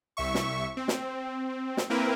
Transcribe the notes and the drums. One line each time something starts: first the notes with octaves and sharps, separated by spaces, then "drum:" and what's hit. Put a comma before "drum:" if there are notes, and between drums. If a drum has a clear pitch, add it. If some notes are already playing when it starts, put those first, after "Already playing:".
C2 E5 C#6
drum: snare
C4
drum: snare
drum: snare
A#3 C4 E4 A#4 B4